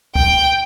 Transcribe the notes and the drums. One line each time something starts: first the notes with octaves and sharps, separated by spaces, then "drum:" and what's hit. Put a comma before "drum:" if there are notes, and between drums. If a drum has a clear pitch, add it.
G5, drum: kick